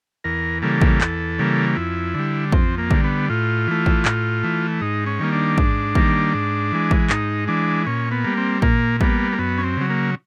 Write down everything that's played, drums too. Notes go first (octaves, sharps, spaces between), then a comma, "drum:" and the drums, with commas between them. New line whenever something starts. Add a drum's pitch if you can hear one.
E2 A#4
C#3 E3 G3 A#3 A4
drum: kick
E2, drum: clap
C#3 E3 G3 A#3
F2 E4
D3 G3
F2 C4, drum: kick
A#3
D3 G3, drum: kick
B3
A2 F4
E3 A3
drum: kick
A2, drum: clap
E3 A3
G#2 D#4
C#4
D#3 G3 A#3
D4
G#2, drum: kick
D#3 G3 A#3, drum: kick
G#2
E3 G#3
drum: kick
G#2 D#4, drum: clap
E3 G#3 D4
A#2 C#4
B3
G3 A#3
C4
A#2 A#3, drum: kick
G3 A#3 B3, drum: kick
A#3
F#2 B3
C#4
C4
C#3 F#3
A#3